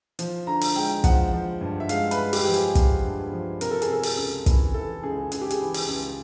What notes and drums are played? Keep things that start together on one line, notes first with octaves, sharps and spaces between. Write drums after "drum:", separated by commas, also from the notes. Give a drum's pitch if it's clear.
F3, drum: hi-hat
D3 A#5
drum: open hi-hat
G#3 G5
F3 F#5, drum: kick, hi-hat
F3
G2
E5
G#3 F5, drum: hi-hat
B4, drum: hi-hat
G#3
G4, drum: open hi-hat
F3 G4
G#4, drum: hi-hat
F3, drum: kick, hi-hat
G2
F3
C3 A#4, drum: hi-hat
A4
G#4, drum: hi-hat
C3 A4
drum: open hi-hat
C#2
E3, drum: kick, hi-hat
E3 A4
C#2 G#4
C#2 G#4, drum: hi-hat
G4
G#4, drum: hi-hat
E3
drum: open hi-hat
C#2